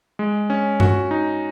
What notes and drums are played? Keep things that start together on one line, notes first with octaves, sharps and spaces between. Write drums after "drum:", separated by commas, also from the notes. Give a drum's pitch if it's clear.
G#3
C#4
F#4, drum: tom G2
D#4